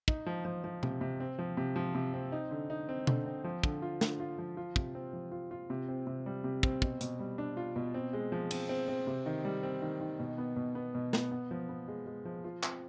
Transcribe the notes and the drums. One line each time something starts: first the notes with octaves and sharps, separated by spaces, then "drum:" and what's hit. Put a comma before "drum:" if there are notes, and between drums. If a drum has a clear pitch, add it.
D#4, drum: kick
F3
F3
F3
C3, drum: tom B2
C3
C4
F3
C3
F3
C3
C4
D#4
D3
D#4
C4
D3, drum: tom B2
C4
F3
D3, drum: kick
F4
D3, drum: snare
F4
F3
F4
C3, drum: kick
C4
F3
F4
F4
C3
C4
C3
G3
C3
C4, drum: kick
B2, drum: kick
B2, drum: hi-hat
G3
D4
F4
B2
C4
G#3
F3
C4, drum: cymbal
C4
C4
C3
D#3
G3
C4
D#3
D#3
B2
B3
B2
B3
B2
B3, drum: snare
B3
F3
B3
G#3
G#3
F3
F4
C4, drum: clap